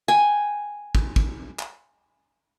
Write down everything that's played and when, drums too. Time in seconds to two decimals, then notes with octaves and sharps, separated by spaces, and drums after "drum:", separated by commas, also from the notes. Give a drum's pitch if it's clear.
0.08 G5 G#5
0.95 drum: kick
1.16 drum: kick
1.59 drum: clap